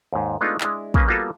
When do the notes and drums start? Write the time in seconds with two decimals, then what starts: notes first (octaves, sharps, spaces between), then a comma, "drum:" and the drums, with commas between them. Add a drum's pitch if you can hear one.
0.13 D#2 G#2
0.41 G#3 A3 B3 D4 D#4 F4
0.61 G#3 D4 E4, drum: clap
0.94 C#3 A#3 C#4 B4, drum: kick
1.08 G3 A#3 B3 F4 F#4 A4